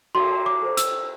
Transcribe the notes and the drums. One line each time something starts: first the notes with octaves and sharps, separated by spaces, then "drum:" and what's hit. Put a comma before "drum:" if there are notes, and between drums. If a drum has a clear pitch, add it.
F#4 C6, drum: cymbal
D6
A4 C5
E6, drum: hi-hat